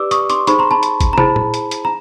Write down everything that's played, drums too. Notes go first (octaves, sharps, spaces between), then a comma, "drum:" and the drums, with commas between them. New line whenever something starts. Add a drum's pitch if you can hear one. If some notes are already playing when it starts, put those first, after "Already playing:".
Already playing: G4 B4 D5 D6 E6
C#6 D#6, drum: hi-hat
C6 D6, drum: hi-hat
D#4 G#4 C5 B5 C#6, drum: hi-hat
A#5 C6
A5 B5
drum: hi-hat
drum: kick G#1, hi-hat
A#5
E4 G#4 C5 A5 B5, drum: tom
drum: tom A#2
drum: hi-hat
drum: hi-hat
A#5